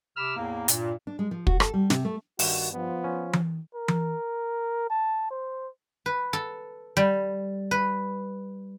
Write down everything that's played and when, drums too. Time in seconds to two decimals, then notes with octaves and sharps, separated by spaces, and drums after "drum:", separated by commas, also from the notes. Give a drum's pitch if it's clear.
0.16 C3 B5 D6 E6 F6
0.36 E2 A2 A#3
0.68 G2 A#2, drum: hi-hat
1.07 D4
1.19 G#3
1.31 F3
1.47 F#4, drum: kick
1.60 A4, drum: rim click
1.74 G3
1.90 C3, drum: snare
2.05 A3
2.39 G2 D#3 F#4, drum: open hi-hat
2.73 F3 B3
3.04 C#4
3.33 drum: tom E3
3.75 A#4
3.88 drum: tom E3
4.90 A5
5.31 C5
6.06 B4
6.33 A4
6.97 G3
7.71 B4